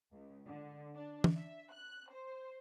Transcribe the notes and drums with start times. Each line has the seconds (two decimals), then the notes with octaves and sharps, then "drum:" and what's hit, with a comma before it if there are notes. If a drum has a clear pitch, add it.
0.13 C#2
0.46 D3
0.95 D4
1.24 drum: tom
1.36 E5
1.71 F#6
2.12 C5